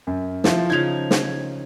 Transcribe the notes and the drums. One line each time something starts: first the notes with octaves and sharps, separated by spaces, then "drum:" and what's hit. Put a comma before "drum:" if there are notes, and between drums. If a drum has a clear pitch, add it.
F#2
F3 E4 A5, drum: snare
C#3 F3 D#4 G#6 F7
drum: snare